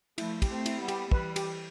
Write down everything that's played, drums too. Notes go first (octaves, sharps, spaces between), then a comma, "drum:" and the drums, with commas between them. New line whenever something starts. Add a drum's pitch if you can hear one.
F3 A3 E4, drum: cymbal
G4, drum: kick, cymbal
A3 C4
E4, drum: cymbal
G3 B3
G4, drum: cymbal
E3 G3 B4, drum: kick
G4, drum: cymbal